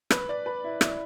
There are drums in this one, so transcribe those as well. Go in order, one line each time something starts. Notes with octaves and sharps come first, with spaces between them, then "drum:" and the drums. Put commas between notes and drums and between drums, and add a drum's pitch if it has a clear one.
B4, drum: rim click
D5
B4
E4
E4, drum: rim click